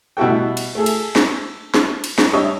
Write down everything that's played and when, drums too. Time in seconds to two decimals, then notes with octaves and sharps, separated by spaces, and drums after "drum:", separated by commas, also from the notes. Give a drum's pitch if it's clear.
0.17 B2 G3 E4 F#4 A4 G5
0.57 drum: cymbal
0.75 A3 G#4 A4
0.86 drum: cymbal
1.16 drum: snare
1.74 drum: snare
2.04 drum: cymbal
2.18 drum: snare
2.33 G3 D4 C#5 D#5 E5